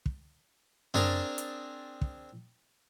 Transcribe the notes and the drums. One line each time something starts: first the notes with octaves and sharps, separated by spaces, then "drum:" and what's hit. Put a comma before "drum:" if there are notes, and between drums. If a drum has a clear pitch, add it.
drum: kick
C4 D4 G#4 A#4 A5 A#5, drum: tom F#2
drum: hi-hat
drum: kick